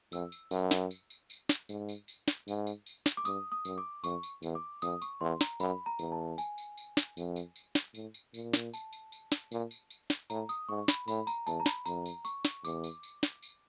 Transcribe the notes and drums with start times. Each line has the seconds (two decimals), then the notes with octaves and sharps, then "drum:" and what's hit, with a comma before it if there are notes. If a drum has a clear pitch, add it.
0.12 F2 E6, drum: tambourine
0.32 drum: tambourine
0.51 F#2, drum: tambourine
0.71 drum: snare
0.91 drum: tambourine
1.10 drum: tambourine
1.30 drum: tambourine
1.49 drum: snare
1.69 G#2, drum: tambourine
1.89 drum: tambourine
2.08 drum: tambourine
2.28 drum: snare
2.48 G#2, drum: tambourine
2.67 drum: tambourine
2.86 drum: tambourine
3.06 drum: snare
3.17 D6
3.25 G2 D#6, drum: tambourine
3.52 D#6
3.65 F#2, drum: tambourine
3.78 D6
4.04 F2 C#6, drum: tambourine
4.23 drum: tambourine
4.43 E2, drum: tambourine
4.55 D6
4.82 F2 D#6, drum: tambourine
5.02 C#6, drum: tambourine
5.20 E2 C6
5.41 A#5, drum: snare
5.60 F#2 B5, drum: tambourine
5.86 A#5
5.99 E2, drum: tambourine
6.12 A5
6.38 G#5, drum: tambourine
6.58 drum: tambourine
6.77 drum: tambourine
6.97 drum: snare
7.17 F2, drum: tambourine
7.36 drum: tambourine
7.56 drum: tambourine
7.75 drum: snare
7.95 A2, drum: tambourine
8.14 drum: tambourine
8.34 A#2, drum: tambourine
8.53 drum: snare
8.74 A5, drum: tambourine
8.93 drum: tambourine
9.12 drum: tambourine
9.32 drum: snare
9.52 A#2, drum: tambourine
9.71 drum: tambourine
9.90 drum: tambourine
10.10 drum: snare
10.30 A2 A#5, drum: tambourine
10.49 D#6, drum: tambourine
10.69 G#2 C#6
10.88 B5, drum: snare
11.08 A2 B5, drum: tambourine
11.27 A#5, drum: tambourine
11.47 E2 A5, drum: tambourine
11.60 A#5
11.66 B5, drum: snare
11.86 F2 A#5, drum: tambourine
12.06 drum: tambourine
12.25 C#6, drum: tambourine
12.45 drum: snare
12.65 E2 D6, drum: tambourine
12.84 drum: tambourine
13.03 drum: tambourine
13.23 drum: snare
13.42 drum: tambourine